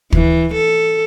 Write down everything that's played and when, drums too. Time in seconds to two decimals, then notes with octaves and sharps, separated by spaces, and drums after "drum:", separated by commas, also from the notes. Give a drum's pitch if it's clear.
0.12 E3, drum: kick
0.54 A4